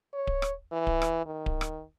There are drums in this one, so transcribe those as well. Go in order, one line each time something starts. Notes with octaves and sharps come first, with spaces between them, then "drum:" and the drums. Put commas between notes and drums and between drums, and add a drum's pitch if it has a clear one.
C#5
drum: kick D1
drum: rim click
E3
drum: kick D1
drum: rim click
D#3
drum: kick D1
drum: rim click